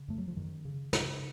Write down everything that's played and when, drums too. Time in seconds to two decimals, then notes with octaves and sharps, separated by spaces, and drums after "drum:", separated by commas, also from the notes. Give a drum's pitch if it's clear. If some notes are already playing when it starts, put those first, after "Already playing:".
Already playing: C#3
0.08 F#2 A3
0.18 F#3
0.28 F3
0.36 F#2 D#3
0.65 C#3
0.93 C#3, drum: snare